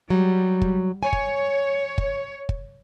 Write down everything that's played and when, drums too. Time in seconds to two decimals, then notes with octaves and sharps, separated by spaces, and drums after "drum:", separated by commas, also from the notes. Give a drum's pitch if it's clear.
0.10 F#3 G3
0.62 drum: kick
1.03 C#5 G#5
1.13 drum: kick
1.98 drum: kick
2.49 drum: kick